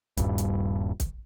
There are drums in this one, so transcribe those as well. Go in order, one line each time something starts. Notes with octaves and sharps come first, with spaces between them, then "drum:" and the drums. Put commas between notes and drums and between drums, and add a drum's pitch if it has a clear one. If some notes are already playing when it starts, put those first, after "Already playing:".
D#1 G2, drum: kick, hi-hat
drum: hi-hat
drum: kick, hi-hat